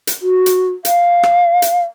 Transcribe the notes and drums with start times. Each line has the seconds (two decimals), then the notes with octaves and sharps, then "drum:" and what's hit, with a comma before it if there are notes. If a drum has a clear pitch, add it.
0.07 drum: hi-hat
0.22 F#4
0.46 drum: hi-hat
0.85 F5, drum: hi-hat
1.23 drum: rim click
1.62 drum: hi-hat